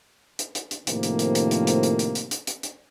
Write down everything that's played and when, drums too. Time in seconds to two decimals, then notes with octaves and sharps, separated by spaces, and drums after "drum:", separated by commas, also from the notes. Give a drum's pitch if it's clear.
0.39 drum: hi-hat
0.55 drum: hi-hat
0.71 drum: hi-hat
0.87 A2 C3 D#3 F3 A#3, drum: hi-hat
1.03 drum: hi-hat
1.19 drum: hi-hat
1.35 drum: hi-hat
1.51 drum: hi-hat
1.67 drum: hi-hat
1.83 drum: hi-hat
1.99 drum: hi-hat
2.15 drum: hi-hat
2.31 drum: hi-hat
2.47 drum: hi-hat
2.63 drum: hi-hat